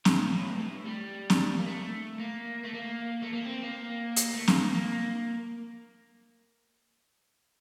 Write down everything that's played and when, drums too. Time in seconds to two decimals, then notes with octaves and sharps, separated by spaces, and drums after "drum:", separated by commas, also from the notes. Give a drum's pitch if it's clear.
0.05 A#2, drum: snare C4
0.19 A#2
0.32 A2
0.46 G2
0.59 A2
0.86 G3
1.30 drum: snare C4
1.58 A#3
1.66 A3
2.20 A#3
2.64 A3
2.73 A#3
3.22 A3
3.33 A#3
3.45 C4
3.63 A#3
4.16 drum: hi-hat
4.34 A3
4.48 A#3, drum: snare C4
4.75 A#3